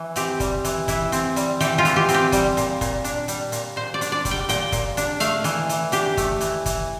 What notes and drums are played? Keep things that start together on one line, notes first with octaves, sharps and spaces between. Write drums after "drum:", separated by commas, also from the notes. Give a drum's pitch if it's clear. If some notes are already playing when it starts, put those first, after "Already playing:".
Already playing: E3
C4 G4, drum: hi-hat
G3, drum: kick, hi-hat
E3, drum: hi-hat
E3 E4, drum: kick, hi-hat
C4, drum: hi-hat
G3, drum: hi-hat
E3 G4, drum: hi-hat
F4
E3, drum: hi-hat
G4
C4, drum: hi-hat
G4
G3, drum: kick, hi-hat
A#2, drum: hi-hat
A#2, drum: kick, hi-hat
D4, drum: hi-hat
G3, drum: hi-hat
A#2, drum: hi-hat
A#2 C5
D5
D4, drum: hi-hat
D5
G3, drum: kick, hi-hat
G5
A#2 G5, drum: hi-hat
A#2, drum: kick, hi-hat
D4, drum: hi-hat
A3 F5, drum: hi-hat
E3, drum: hi-hat
E3, drum: hi-hat
D4 G4, drum: hi-hat
A3, drum: kick, hi-hat
E3, drum: hi-hat
E3, drum: kick, hi-hat